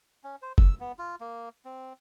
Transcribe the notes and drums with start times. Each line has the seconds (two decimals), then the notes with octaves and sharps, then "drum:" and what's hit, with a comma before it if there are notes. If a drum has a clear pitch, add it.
0.24 C#4
0.42 C5
0.58 E6, drum: kick F#1
0.80 B3
0.98 F4
1.20 A#3
1.65 C4